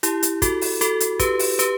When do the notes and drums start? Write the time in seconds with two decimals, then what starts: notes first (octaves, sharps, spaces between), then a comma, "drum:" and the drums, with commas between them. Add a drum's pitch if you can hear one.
0.03 E4 G4, drum: hi-hat
0.23 drum: hi-hat
0.42 F#4 A4, drum: kick, hi-hat
0.61 drum: open hi-hat
0.81 F#4 A4, drum: hi-hat
1.00 drum: hi-hat
1.19 G4 B4, drum: kick, hi-hat
1.39 drum: open hi-hat
1.59 G4 B4, drum: hi-hat